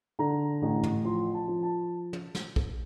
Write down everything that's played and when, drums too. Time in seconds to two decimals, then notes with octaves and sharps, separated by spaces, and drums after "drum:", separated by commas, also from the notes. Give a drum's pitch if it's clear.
0.19 D3 A#5
0.62 A1
0.83 drum: tom
1.04 F3 C6
1.34 A5
1.48 F3
1.63 A5
2.13 drum: tom
2.35 drum: snare
2.56 drum: kick